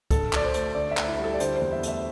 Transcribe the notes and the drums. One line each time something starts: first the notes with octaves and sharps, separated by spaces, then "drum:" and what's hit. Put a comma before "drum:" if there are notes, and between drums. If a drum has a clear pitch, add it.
D3 A4, drum: kick C2, hi-hat
D2 D5, drum: clap
C5
A3, drum: hi-hat
D3 D5
E5
D2, drum: clap
E4
G3
A4
D5
D3 C5, drum: hi-hat
C5
E2
E5
A3 E5, drum: hi-hat